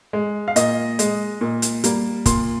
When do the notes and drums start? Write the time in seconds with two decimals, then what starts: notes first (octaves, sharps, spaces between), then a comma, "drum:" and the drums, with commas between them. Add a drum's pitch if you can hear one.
0.13 G#3
0.48 F5
0.56 A#2 D#5, drum: hi-hat
0.99 G#3, drum: hi-hat
1.41 A#2
1.62 drum: hi-hat
1.84 G3 A#3, drum: hi-hat
2.26 A#2 C6, drum: kick, hi-hat